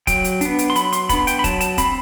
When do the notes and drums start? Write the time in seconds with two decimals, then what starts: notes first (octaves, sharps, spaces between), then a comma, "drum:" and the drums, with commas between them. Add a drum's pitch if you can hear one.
0.07 F#3 G5, drum: kick, hi-hat
0.24 drum: hi-hat
0.41 B3 D4, drum: hi-hat
0.59 drum: hi-hat
0.70 C6
0.76 F#3 B5, drum: hi-hat
0.93 C6, drum: hi-hat
1.09 B3 D4 B5, drum: kick, hi-hat
1.27 G5, drum: hi-hat
1.39 B5
1.44 F#3 A5, drum: kick, hi-hat
1.61 A5, drum: hi-hat
1.78 C4 B5, drum: kick, hi-hat